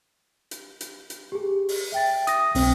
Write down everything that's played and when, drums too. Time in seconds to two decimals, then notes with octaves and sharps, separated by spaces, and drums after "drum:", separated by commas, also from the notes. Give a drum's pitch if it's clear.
0.51 drum: hi-hat
0.81 drum: hi-hat
1.10 drum: hi-hat
1.32 G4 G#4
1.69 drum: open hi-hat
1.92 E5 G5 A6
2.27 D#6 A#6, drum: hi-hat
2.55 B1 C4 G5, drum: open hi-hat